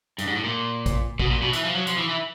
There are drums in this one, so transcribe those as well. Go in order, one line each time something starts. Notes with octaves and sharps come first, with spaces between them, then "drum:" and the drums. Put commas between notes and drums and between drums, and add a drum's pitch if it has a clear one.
G2, drum: hi-hat
G#2
A2
A#2
drum: kick, hi-hat
B2, drum: kick
A#2
B2
E3, drum: hi-hat
F3
F#3
F3, drum: hi-hat
E3
E3